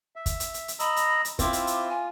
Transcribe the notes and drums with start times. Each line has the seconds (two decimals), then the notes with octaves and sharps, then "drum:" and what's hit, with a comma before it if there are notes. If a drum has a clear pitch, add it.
0.16 E5
0.26 drum: kick, hi-hat
0.40 drum: hi-hat
0.54 drum: hi-hat
0.68 drum: hi-hat
0.79 D#5 A#5 B5 E6, drum: hi-hat
0.96 drum: hi-hat
1.25 drum: hi-hat
1.39 C4 E4 F4 D6, drum: kick, hi-hat
1.53 drum: hi-hat
1.67 drum: hi-hat
1.89 G#5